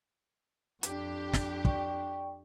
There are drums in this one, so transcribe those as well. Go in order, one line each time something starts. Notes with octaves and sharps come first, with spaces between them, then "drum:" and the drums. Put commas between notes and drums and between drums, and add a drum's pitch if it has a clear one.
F2 D4 G4, drum: hi-hat
drum: snare
D5 G5 C#6, drum: kick